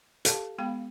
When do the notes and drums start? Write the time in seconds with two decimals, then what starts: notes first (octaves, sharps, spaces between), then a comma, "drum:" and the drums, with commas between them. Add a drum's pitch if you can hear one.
0.25 G4 A4 F5 A5, drum: hi-hat
0.58 G#3 B3 F5 G5 B5